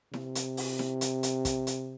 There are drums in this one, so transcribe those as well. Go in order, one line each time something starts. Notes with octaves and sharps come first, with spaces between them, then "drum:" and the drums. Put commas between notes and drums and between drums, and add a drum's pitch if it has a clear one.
C3, drum: snare E4
drum: hi-hat
drum: open hi-hat
drum: snare E4
drum: hi-hat
drum: hi-hat
drum: kick, hi-hat
drum: hi-hat